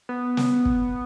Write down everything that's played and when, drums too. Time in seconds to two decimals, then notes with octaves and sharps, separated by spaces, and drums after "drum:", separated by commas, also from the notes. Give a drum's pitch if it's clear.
0.09 B3
0.37 drum: snare
0.65 drum: kick